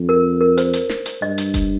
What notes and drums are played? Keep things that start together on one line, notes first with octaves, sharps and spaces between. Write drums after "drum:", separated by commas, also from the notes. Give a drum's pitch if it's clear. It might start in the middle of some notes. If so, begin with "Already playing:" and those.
Already playing: F2
A#4
A#4
C5, drum: hi-hat
drum: hi-hat
drum: snare
drum: hi-hat
G2 D#5
drum: hi-hat
drum: kick F1, hi-hat